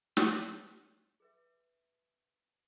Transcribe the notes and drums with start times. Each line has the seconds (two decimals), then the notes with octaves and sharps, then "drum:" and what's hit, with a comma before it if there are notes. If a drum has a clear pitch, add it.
0.17 drum: snare
1.20 G#4 B4 E5